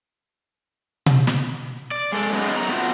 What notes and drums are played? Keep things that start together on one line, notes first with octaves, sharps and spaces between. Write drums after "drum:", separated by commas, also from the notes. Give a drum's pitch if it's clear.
drum: tom B2
drum: snare
D5
G#3 A4
F#2 F#3 G#3 B3 D#4
F#2 F#4 A#5
A3 B3 C4 D4 F4 F#4